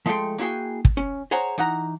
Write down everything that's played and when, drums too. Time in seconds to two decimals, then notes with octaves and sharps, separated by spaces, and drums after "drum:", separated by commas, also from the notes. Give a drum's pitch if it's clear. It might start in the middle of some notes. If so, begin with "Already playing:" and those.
0.06 F3 G#3 A3 A4 G5 C6
0.38 A#3 E4 F#4 G#4 G5
0.85 drum: kick
0.97 C#4
1.31 G#4 C5 C#5 F#5 A#5
1.58 E3 D#4 F#5 A#5